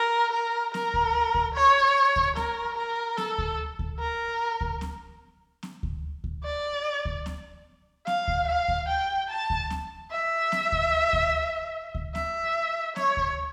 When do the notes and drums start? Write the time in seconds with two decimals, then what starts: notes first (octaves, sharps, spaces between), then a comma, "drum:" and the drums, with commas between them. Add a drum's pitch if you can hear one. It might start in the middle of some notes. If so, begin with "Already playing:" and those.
Already playing: A#4
0.32 A#4
0.74 A#4, drum: snare
0.94 drum: kick D2
1.35 drum: kick D2
1.55 C#5
2.16 drum: kick D2
2.36 A#4, drum: snare
2.77 A#4
3.17 A4, drum: snare
3.38 drum: kick D2
3.79 drum: kick D2
3.99 A#4
4.61 drum: kick D2
4.81 drum: snare
5.63 drum: snare
5.83 drum: kick D2
6.24 drum: kick D2
6.44 D5
7.05 drum: kick D2
7.26 drum: snare
8.07 F5, drum: snare
8.28 drum: kick D2
8.47 F5
8.68 drum: kick D2
8.88 G5
9.30 A5
9.50 drum: kick D2
9.70 drum: snare
10.11 E5
10.52 drum: snare
10.72 drum: kick D2
11.13 drum: kick D2
11.95 drum: kick D2
12.15 E5, drum: snare
12.96 C#5, drum: snare
13.17 drum: kick D2